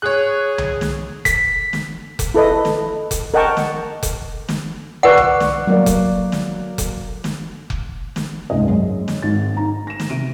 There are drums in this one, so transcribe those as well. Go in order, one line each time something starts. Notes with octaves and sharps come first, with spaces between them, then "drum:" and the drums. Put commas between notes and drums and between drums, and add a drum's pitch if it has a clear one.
G#4 C#5 F#6
drum: tom C2
drum: snare
B6, drum: kick F1, hi-hat
drum: snare
drum: kick F1, hi-hat
E4 A4 B4 D#5
drum: snare
drum: kick F1, hi-hat
A#4 D#5 F#5 G5 A5 C#6
drum: snare
drum: kick F1, hi-hat
drum: snare
B4 D5 F#5 C#6 F#6
drum: tom C2
drum: snare
F#3 A#3 D5
drum: kick F1, hi-hat
drum: snare
drum: kick F1, hi-hat
drum: snare
drum: kick F1
drum: snare
F#1 C#2 G#2 C3 D#5
F#2 G#3
drum: snare
G#1 G#2 A6
D#4 A#5
A#6 E7
drum: snare
C3 D7 D#7